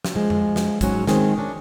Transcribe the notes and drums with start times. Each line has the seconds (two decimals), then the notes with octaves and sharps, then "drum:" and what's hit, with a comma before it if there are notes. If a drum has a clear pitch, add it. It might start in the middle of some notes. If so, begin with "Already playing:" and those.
0.05 drum: snare
0.15 F3 G#3
0.30 drum: tom F2
0.56 drum: snare
0.81 G#2 F#3 C#4, drum: kick, hi-hat
1.07 D#3 G#3 C4 C#4, drum: snare
1.38 C#4 D4